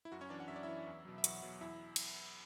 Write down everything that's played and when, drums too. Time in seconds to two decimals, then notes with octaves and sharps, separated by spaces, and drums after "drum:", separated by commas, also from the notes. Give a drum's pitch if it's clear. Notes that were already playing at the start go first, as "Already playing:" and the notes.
0.05 E4
0.12 F#2 F#4
0.21 C#4 C#5
0.30 E3 D4 D5
0.40 F#5
0.48 F#2 E5
0.56 D5
0.63 E3 E4 E5
0.86 E2
1.05 B2 F#3
1.18 E5
1.24 E2 F#4 F#5, drum: hi-hat
1.42 B2 F#3
1.61 E2 E4 E5
1.96 drum: cymbal